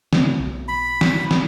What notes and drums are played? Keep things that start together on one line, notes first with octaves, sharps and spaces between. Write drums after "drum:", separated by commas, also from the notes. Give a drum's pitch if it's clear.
C#3 A3 C4, drum: snare
B1
B5
drum: snare
drum: snare